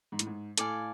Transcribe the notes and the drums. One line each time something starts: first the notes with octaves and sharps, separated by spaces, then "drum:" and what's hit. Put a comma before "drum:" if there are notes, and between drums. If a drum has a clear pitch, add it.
G#2
A2, drum: hi-hat
G#2
A2 A4 D5 F5 G#5, drum: hi-hat